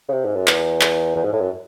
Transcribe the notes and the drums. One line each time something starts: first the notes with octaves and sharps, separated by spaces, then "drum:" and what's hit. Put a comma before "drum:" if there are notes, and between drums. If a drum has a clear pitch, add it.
C#3
C3
G#2
F#2
E2, drum: clap
drum: clap
E2
G#2
A2
F#2